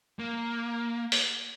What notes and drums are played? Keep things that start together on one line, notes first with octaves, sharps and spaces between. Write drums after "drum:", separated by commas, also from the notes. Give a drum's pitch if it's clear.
A#3
drum: open hi-hat